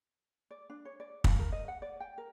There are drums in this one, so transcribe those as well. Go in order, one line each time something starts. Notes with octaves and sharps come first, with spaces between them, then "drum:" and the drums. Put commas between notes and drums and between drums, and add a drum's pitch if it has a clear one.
D5
D4
C#5
D5
F5, drum: kick
A#4
D#5
F#5
D5
G5
A#4